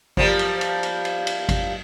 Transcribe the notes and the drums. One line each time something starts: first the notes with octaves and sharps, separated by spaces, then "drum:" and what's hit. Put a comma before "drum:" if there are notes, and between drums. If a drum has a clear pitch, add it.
F3 G3 A#3, drum: kick G#1
drum: cymbal
drum: cymbal
drum: cymbal
drum: cymbal
drum: cymbal
drum: kick G#1, cymbal